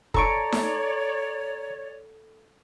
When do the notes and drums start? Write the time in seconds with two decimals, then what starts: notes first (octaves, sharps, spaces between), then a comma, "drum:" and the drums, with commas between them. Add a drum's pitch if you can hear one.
0.14 A4 C#5 D5 A#5 C#6 D7, drum: kick
0.52 drum: snare D#4